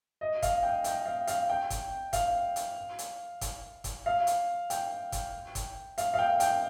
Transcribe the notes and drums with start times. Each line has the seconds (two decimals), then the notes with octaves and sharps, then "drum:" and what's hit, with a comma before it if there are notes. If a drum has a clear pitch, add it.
0.21 D#5
0.42 F5, drum: kick, hi-hat
0.63 G5
0.84 G5, drum: hi-hat
1.06 F5
1.27 F5, drum: hi-hat
1.50 G5
1.70 drum: kick, hi-hat
2.13 F5, drum: kick, hi-hat
2.56 drum: hi-hat
2.99 drum: hi-hat
3.41 drum: kick, hi-hat
3.84 drum: kick, hi-hat
4.06 F5
4.27 drum: hi-hat
4.70 G5, drum: hi-hat
5.12 drum: kick, hi-hat
5.55 drum: kick, hi-hat
5.98 F5, drum: hi-hat
6.14 F5
6.19 G5
6.40 G5, drum: hi-hat